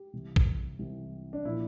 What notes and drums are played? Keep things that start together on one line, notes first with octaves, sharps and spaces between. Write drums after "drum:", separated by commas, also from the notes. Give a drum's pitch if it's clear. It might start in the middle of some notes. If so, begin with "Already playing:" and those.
Already playing: G4
C2 C3 E3
drum: kick
C2 C3 E3
D4
A#2 F3 E4